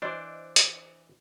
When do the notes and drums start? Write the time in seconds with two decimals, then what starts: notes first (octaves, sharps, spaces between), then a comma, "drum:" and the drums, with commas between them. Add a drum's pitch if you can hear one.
0.02 E3 D4 C5 D5 D#5
0.56 drum: hi-hat